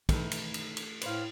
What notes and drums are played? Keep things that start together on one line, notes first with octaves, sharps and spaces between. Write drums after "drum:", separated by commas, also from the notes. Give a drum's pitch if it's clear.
D#3 E3 A3 B4, drum: kick, cymbal
drum: cymbal
drum: cymbal
drum: cymbal
A2 B4 C5 F5, drum: cymbal